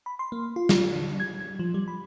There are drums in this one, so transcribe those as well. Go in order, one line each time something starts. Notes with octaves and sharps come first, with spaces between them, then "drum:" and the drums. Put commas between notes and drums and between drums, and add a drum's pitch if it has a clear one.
B5
C6
A#3
F4
drum: snare
D3
G#6
G#6
F3
G3
B5